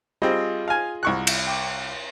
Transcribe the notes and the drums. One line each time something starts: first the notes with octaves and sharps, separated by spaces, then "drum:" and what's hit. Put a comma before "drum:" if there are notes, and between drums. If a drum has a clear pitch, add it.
G3 C4 F4 G#4 D#5
F5 G#5
C2 C#6 F#6
drum: cymbal
G5 D6